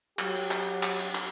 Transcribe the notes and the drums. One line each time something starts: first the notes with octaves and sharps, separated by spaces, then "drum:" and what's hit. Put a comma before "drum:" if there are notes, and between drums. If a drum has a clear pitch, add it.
F#3 G4, drum: clap
drum: cymbal
drum: clap
drum: clap
drum: cymbal
drum: clap